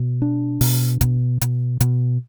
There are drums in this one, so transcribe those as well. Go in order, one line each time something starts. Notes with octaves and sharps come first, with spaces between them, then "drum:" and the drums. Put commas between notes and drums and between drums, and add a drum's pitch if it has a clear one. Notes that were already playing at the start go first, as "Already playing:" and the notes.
Already playing: B2
D4
B2, drum: open hi-hat
B2, drum: kick, hi-hat
B2, drum: hi-hat
B2, drum: hi-hat